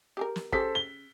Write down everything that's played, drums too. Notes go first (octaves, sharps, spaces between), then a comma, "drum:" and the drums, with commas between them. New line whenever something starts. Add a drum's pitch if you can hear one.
G4 G#4 A#4
drum: snare
C#3 G4 A4 C5 B6, drum: kick
G7